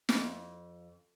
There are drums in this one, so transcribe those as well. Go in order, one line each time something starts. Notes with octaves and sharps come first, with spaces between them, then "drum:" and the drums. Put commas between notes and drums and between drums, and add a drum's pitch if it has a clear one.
F2, drum: snare